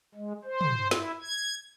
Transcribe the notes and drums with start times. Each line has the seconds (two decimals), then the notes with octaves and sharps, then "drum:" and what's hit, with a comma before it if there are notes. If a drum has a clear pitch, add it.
0.15 G#3
0.45 C5
0.61 drum: tom
0.91 E4, drum: snare
1.22 G#6